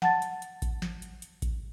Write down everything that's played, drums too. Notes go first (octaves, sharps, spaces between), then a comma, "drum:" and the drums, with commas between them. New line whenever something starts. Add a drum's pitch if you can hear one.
F#5 A5 A6, drum: snare
drum: hi-hat
drum: hi-hat
drum: kick A1, hi-hat
drum: snare
drum: hi-hat
drum: hi-hat
drum: kick A1, hi-hat